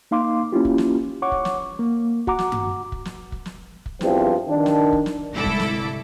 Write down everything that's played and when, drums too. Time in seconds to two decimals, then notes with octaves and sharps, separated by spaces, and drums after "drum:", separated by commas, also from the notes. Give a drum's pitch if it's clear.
0.11 A#3 D#4 F5 C6 D6
0.52 A#3 C#4 E4 F4 G4
0.65 drum: kick
0.78 drum: snare
1.22 C#5 F#5 C#6 D6
1.32 drum: kick
1.45 drum: snare
1.79 A#3
2.27 F#4 F#5 A#5 D6, drum: kick
2.39 drum: snare
2.52 drum: tom G2
2.92 drum: kick
3.05 drum: snare
3.32 drum: kick
3.46 drum: snare
3.86 drum: kick
4.01 E2 G2 E3 F3 C4, drum: snare
4.47 D#3 D4
4.66 drum: snare
4.93 drum: kick
5.06 drum: snare
5.33 G1 C2 G#2 E4 A4 D6
5.46 drum: kick
5.59 drum: snare